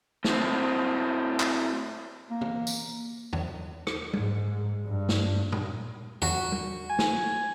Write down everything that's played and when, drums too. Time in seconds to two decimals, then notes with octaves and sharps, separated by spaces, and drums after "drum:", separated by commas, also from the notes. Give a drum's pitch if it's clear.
0.24 A2 C4, drum: snare
1.40 drum: clap
2.30 A#3
2.41 drum: tom
2.67 drum: tambourine
3.33 drum: tom E2
3.87 drum: rim click
4.13 G#2, drum: tom G3
4.86 G2
5.09 drum: snare
5.52 drum: tom
6.22 F#4, drum: tom E2
6.52 drum: tom G3
6.89 G#5
6.99 drum: snare